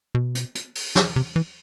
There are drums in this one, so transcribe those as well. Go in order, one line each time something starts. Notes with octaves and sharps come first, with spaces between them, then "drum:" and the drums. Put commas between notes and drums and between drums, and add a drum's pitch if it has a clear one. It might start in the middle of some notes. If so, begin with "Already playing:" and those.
B2
drum: hi-hat
drum: hi-hat
drum: open hi-hat
drum: snare
C3
E3